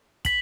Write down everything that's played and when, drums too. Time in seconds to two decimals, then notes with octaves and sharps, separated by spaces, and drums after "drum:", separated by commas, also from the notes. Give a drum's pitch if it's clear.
0.25 B6 F#7, drum: kick, hi-hat